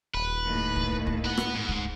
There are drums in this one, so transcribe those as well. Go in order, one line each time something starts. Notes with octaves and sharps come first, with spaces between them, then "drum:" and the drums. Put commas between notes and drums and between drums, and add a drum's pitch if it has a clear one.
D#1 B4
D#2 A2
drum: kick
drum: kick
B4 F#5
drum: rim click
G#2
drum: kick